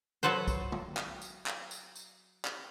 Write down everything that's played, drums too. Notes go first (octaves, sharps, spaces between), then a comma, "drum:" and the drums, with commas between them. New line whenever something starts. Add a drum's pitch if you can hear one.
F#3 F#4 A4 B4 C5
drum: kick, tambourine
drum: tom
drum: clap
drum: tambourine
drum: clap
drum: tambourine
drum: tambourine
drum: clap